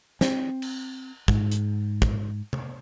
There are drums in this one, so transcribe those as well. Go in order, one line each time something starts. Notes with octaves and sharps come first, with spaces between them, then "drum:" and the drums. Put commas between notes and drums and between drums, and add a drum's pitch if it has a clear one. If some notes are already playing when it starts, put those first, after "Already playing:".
C4, drum: snare
drum: cymbal
G#2, drum: kick
drum: hi-hat
drum: kick
drum: tom